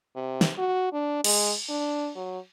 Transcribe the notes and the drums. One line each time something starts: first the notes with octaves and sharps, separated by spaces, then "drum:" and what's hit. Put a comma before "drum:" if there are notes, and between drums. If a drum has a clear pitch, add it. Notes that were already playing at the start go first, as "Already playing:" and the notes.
C3
drum: snare
F#4
D4
G#3, drum: cymbal
D4
F#3